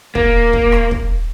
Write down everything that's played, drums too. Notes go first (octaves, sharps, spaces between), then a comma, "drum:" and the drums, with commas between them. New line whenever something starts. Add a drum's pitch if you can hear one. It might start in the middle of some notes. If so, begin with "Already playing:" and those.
A#3, drum: kick
drum: kick
drum: rim click
drum: kick